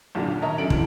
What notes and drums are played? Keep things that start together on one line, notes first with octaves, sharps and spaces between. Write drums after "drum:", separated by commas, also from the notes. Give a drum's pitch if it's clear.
B1 F#2 A#2 D3
D#2
A#4 C#5 D#5 E5 A5 A#5
F#2 D3 C#4 A4 D7 F#7
D2 D3 E3, drum: kick